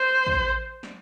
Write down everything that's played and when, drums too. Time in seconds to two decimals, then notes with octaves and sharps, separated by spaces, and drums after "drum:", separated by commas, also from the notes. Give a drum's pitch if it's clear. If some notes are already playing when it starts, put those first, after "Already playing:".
Already playing: C5
0.27 drum: kick
0.83 drum: snare